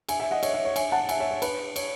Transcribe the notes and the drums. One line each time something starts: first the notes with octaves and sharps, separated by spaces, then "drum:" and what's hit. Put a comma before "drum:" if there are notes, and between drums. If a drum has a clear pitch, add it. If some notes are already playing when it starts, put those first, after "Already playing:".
E5 G#5, drum: cymbal
E5 G#5
D#5 F#5
C#5 E5, drum: cymbal
C#5 E5
C#5
E5 G#5, drum: cymbal
F#5 A5
E5 G#5, drum: cymbal
C#5 E5
C#5
B4, drum: cymbal
C#5, drum: cymbal